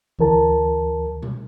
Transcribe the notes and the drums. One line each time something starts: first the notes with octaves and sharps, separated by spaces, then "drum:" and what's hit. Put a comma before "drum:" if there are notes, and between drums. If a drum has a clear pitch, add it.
D2 E3 A#4 A5, drum: kick
drum: tom B2